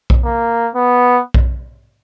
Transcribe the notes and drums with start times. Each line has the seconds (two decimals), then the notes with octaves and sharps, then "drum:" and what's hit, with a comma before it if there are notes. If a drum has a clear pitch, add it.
0.10 drum: kick B1
0.24 A#3
0.75 B3
1.34 drum: kick B1